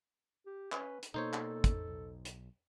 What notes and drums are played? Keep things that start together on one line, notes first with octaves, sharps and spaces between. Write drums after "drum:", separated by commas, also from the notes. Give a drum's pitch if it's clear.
G4
C#4 B4, drum: clap
drum: hi-hat
B2 A#3 D#4 A4 C5 C#5
drum: clap
drum: kick, hi-hat
B1
drum: hi-hat